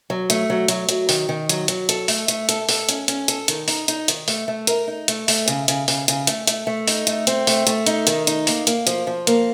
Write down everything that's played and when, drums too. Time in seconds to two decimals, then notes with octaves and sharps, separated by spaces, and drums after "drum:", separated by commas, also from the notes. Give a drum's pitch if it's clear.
0.10 F#3
0.30 A3, drum: hi-hat
0.50 F#3
0.68 F#3, drum: hi-hat
0.89 F#3, drum: hi-hat
1.09 D#3, drum: open hi-hat
1.29 D#3
1.49 F#3, drum: hi-hat
1.68 F#3, drum: hi-hat
1.89 A4, drum: hi-hat
2.08 A3, drum: open hi-hat
2.28 A3, drum: hi-hat
2.49 A4, drum: hi-hat
2.69 A4, drum: open hi-hat
2.89 C#4, drum: hi-hat
3.08 C#4, drum: hi-hat
3.28 A4, drum: hi-hat
3.48 D#3, drum: hi-hat
3.68 D#4, drum: open hi-hat
3.88 D#4, drum: hi-hat
4.08 D#3, drum: hi-hat
4.28 A3, drum: open hi-hat
4.48 A3
4.67 A#4, drum: hi-hat
4.88 D#4
5.08 A3, drum: hi-hat
5.28 A3, drum: open hi-hat
5.48 C#3, drum: hi-hat
5.68 C#3, drum: hi-hat
5.88 C#3, drum: open hi-hat
6.08 C#3, drum: hi-hat
6.27 A3, drum: hi-hat
6.47 A3, drum: hi-hat
6.67 A3
6.88 D#4, drum: open hi-hat
7.07 A3, drum: hi-hat
7.27 C4, drum: hi-hat
7.47 A3, drum: open hi-hat
7.67 A3, drum: hi-hat
7.87 D#4, drum: hi-hat
8.07 D#3, drum: hi-hat
8.27 D#4, drum: hi-hat
8.47 A#3, drum: open hi-hat
8.67 A#3, drum: hi-hat
8.87 F3, drum: hi-hat
9.07 F3
9.27 A#3, drum: hi-hat